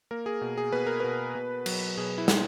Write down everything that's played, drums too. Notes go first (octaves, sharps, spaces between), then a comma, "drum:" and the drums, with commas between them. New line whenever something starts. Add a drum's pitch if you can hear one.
A#3 A#4
G#4
B2
G#4
B2 B4
A#4
B2 B4
B2
F#3, drum: cymbal
B2 G#4
E4
F#3, drum: snare